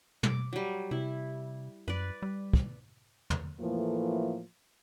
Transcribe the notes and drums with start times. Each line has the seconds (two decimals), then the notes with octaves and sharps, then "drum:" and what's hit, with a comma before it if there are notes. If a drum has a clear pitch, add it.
0.23 D6, drum: tom
0.53 F#3 G3
0.91 C3 E4
1.88 F#2 B4 D5
2.22 G3
2.54 drum: kick
3.30 drum: tom
3.60 A2 E3 F3 A3 A#3